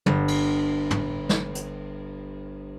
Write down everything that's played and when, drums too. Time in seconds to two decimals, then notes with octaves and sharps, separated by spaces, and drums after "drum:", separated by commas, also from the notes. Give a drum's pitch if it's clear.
0.06 G1 A#6, drum: tom
0.28 drum: cymbal
0.91 drum: tom
1.29 drum: snare
1.55 drum: hi-hat